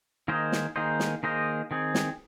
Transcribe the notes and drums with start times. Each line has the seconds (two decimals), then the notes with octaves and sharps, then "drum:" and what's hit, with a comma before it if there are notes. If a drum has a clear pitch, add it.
0.28 D#3 A#3 G#4 C5 D#5
0.52 drum: snare
0.76 D#3 A#3 G#4 C5 D#5
1.00 drum: snare
1.23 D#3 A#3 G#4 C5 D#5
1.71 D#3 C4 G#4
1.94 drum: snare